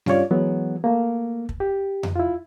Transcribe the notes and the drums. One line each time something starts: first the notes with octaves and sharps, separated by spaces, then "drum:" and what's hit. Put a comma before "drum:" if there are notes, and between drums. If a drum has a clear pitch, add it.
G2 C#4 F4 C#5 D5, drum: snare G3
E3 F#3 G#3 B3
A3 A#3
drum: kick
G4
drum: tom F2
E4 F4